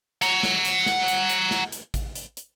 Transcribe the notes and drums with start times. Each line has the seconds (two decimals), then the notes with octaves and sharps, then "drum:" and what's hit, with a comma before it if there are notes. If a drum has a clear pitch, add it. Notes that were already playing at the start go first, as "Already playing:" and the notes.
0.22 F#5 A#5, drum: hi-hat
0.43 drum: snare
0.65 drum: hi-hat
0.86 drum: snare
1.08 drum: hi-hat
1.29 drum: hi-hat
1.51 drum: snare
1.72 drum: hi-hat
1.94 drum: kick A1, hi-hat
2.15 drum: hi-hat
2.37 drum: hi-hat